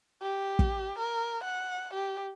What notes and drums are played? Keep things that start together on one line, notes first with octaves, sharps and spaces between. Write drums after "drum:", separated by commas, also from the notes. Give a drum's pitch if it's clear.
G4
drum: kick
A#4
F#5
G4